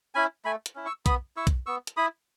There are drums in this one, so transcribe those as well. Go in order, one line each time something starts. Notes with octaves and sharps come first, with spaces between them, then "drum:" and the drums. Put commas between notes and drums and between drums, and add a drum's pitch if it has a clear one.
C#4 E4 G#5 B5
A3 G#5 B5
drum: hi-hat
C#4 E4
C#6 E6
B3 B5 D#6, drum: kick B1, hi-hat
E4 C#6 E6
drum: kick B1, hi-hat
B3 C#6 E6
drum: hi-hat
E4 B5 D#6